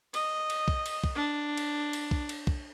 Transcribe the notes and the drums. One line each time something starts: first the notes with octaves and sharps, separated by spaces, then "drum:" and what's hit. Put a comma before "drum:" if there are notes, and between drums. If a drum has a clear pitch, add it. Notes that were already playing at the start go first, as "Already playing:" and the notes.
D#5, drum: cymbal
drum: cymbal
drum: kick
drum: cymbal
drum: kick
D4
drum: cymbal
drum: cymbal
drum: kick
drum: cymbal
drum: kick